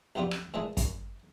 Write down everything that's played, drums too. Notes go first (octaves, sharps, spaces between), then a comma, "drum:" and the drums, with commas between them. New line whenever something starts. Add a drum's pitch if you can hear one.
B1 F2 B3 F4 G4 D5
drum: rim click
A#2 E3 G#3 G#4 A5
F#2, drum: kick, hi-hat